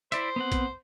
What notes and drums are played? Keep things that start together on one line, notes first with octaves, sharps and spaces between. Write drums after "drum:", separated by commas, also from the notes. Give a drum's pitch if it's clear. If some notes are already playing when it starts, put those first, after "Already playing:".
E4 C5 D5 E5, drum: hi-hat
B3 C4 F#5
drum: kick A#1, hi-hat